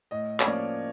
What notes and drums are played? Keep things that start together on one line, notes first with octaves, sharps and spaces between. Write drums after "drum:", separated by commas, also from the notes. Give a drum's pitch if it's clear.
A2 D#5
C#5, drum: clap
F3 A#3 C#4 D5